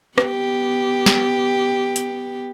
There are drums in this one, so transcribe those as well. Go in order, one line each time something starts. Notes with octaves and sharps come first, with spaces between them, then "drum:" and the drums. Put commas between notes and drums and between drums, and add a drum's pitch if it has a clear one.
B3 G4, drum: rim click
drum: snare
drum: hi-hat